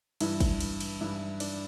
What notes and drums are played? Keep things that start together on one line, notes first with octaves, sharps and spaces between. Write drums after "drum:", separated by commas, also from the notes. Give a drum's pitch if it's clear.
G2 E3 E4, drum: cymbal
drum: kick, cymbal
drum: cymbal
drum: cymbal
G2 E3 E4
D4, drum: cymbal